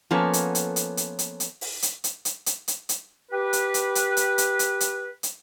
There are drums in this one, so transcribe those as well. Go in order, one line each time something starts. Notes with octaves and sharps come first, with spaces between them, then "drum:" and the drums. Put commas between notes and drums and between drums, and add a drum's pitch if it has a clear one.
F3 A#3 B3 C#4 A4
drum: hi-hat
drum: hi-hat
drum: hi-hat
drum: hi-hat
drum: hi-hat
drum: hi-hat
drum: open hi-hat
drum: hi-hat
drum: hi-hat
drum: hi-hat
drum: hi-hat
drum: hi-hat
drum: hi-hat
G4 B4
drum: hi-hat
drum: hi-hat
drum: hi-hat
drum: hi-hat
drum: hi-hat
drum: hi-hat
drum: hi-hat
drum: hi-hat